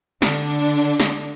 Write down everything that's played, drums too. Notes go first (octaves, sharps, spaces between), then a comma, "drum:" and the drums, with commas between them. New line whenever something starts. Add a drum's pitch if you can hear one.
D3 D4, drum: snare
drum: snare